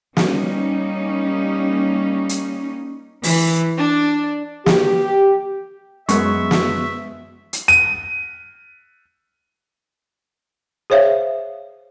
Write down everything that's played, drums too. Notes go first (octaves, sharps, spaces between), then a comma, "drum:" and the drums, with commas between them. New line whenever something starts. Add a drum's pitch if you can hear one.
G3 A#3 C#4 D#4, drum: snare
drum: hi-hat
E3, drum: open hi-hat
D4
G4, drum: snare
F#2 G#3 B3 E5 C#6, drum: hi-hat
drum: snare
drum: hi-hat
D#7
G#4 C5 C#5 E5 F5